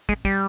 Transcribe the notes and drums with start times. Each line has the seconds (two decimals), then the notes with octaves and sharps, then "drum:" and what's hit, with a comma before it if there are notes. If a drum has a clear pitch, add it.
0.09 G#3, drum: kick
0.25 G3, drum: kick